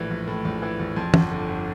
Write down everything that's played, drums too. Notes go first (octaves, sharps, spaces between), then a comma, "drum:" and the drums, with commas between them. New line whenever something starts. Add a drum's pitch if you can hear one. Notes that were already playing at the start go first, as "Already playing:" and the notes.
Already playing: A#1 A2 E3
A#1
A2
A#1
E3
A#1
F2
G1, drum: tom
D3
G1